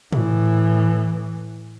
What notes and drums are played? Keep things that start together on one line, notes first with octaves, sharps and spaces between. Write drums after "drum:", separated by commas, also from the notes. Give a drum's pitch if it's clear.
A2 E3, drum: tom